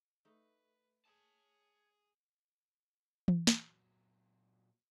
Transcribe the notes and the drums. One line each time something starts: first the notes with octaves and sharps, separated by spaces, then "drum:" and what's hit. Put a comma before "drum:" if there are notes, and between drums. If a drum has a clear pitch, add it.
A3 D#4 B4
G#4 C#5 A5
drum: tom E3
A#2 F#3, drum: snare